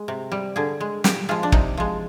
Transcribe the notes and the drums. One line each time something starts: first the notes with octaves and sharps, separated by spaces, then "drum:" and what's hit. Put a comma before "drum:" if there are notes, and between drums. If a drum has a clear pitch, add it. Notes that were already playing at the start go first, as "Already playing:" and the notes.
Already playing: G#3
C3
G3
D3 G#4
G#3
A#2 G4, drum: snare
F3 G#3 F4
D4
C3 D#4, drum: kick
F3 G#3